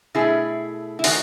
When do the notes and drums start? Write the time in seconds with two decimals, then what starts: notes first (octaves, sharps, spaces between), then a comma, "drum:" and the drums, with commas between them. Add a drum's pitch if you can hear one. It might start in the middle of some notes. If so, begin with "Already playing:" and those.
0.15 B2 A3 E4 G#4
0.99 E4
1.04 D#3 A3 D#4 F#4, drum: open hi-hat